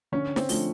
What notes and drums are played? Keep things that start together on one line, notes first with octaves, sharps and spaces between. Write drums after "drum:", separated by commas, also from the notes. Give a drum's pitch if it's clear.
D3 C#4
C4, drum: snare
F3 A3 D4 F4, drum: open hi-hat